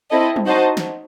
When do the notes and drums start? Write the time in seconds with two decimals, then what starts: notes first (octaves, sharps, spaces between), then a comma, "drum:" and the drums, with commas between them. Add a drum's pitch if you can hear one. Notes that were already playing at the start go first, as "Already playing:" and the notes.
0.11 C4 E4 A4 D#5
0.36 drum: tom F#3
0.46 D#4 F#4 C5 D#5 A5
0.77 drum: snare